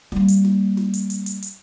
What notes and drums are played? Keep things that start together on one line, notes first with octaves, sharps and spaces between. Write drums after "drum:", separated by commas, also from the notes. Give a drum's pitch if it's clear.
G3 A#3, drum: snare
drum: hi-hat
drum: snare
drum: snare
drum: hi-hat
drum: hi-hat
drum: hi-hat
drum: hi-hat